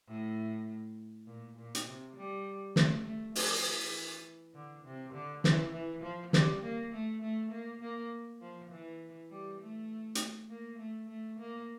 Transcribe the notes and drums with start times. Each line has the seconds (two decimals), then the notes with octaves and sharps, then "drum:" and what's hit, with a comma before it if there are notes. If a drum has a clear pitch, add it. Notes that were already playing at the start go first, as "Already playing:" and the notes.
0.08 A2
1.27 A#2
1.57 A#2
1.75 drum: hi-hat
1.87 C3
2.16 G3
2.76 A3, drum: snare
3.05 A3
3.35 F3, drum: open hi-hat
3.65 E3
4.54 D3
4.85 C3
5.13 D3
5.44 E3, drum: snare
5.74 E3
6.03 F3
6.33 G3, drum: snare
6.63 A#3
6.93 A3
7.22 A3
7.51 A#3
7.81 A#3
8.41 F3
8.72 E3
9.30 G3
9.61 A3
10.15 drum: hi-hat
10.50 A#3
10.79 A3
11.09 A3
11.39 A#3